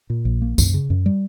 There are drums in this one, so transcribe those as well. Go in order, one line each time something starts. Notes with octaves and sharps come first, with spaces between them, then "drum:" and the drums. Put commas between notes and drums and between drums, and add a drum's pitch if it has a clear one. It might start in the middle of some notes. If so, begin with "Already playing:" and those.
A#2
A#1
A#3
F#2, drum: kick, tambourine
C#3
F#2
G3